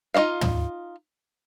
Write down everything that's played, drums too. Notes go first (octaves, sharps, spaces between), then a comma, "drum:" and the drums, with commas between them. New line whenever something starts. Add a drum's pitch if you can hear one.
D#4 F4 D5 D#5 F5
drum: tom